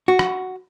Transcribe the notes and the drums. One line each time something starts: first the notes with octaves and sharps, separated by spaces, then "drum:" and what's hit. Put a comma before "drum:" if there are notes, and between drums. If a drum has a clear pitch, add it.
F#4
drum: rim click